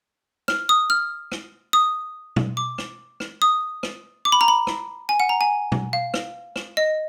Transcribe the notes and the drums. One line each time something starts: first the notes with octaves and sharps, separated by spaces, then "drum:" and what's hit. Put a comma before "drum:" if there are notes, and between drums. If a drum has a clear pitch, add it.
F6, drum: rim click
D#6
F6
drum: rim click
D#6
drum: tom
D6
drum: rim click
drum: rim click
D#6
drum: rim click
D6
B5
A#5
B5
drum: rim click
G#5
F#5
A#5
G#5
drum: tom
F5
drum: rim click
drum: rim click
D#5